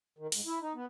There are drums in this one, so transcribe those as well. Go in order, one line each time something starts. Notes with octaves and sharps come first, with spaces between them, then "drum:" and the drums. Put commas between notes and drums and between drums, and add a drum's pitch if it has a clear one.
D#3
G#2, drum: open hi-hat
E4
D#4
B3